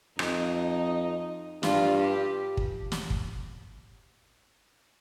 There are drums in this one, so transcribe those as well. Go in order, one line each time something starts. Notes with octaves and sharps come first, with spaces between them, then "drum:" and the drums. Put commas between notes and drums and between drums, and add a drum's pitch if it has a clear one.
F2 D#4, drum: rim click
G2 F4, drum: snare
G4
drum: kick
drum: snare
drum: kick